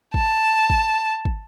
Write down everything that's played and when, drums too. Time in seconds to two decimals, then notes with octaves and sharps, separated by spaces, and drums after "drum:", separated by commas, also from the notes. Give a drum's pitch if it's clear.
0.14 A5, drum: kick
0.70 drum: kick
1.25 drum: kick